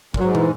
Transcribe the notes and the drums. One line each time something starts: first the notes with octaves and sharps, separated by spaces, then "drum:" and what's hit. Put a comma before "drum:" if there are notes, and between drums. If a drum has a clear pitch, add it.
A#2, drum: kick
G#2 F#3
E3, drum: tom